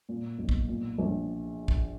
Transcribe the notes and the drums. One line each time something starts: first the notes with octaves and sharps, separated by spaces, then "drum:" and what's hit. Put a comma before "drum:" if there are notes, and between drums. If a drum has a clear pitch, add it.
A#2
B1
drum: kick
A#2
A#1
drum: kick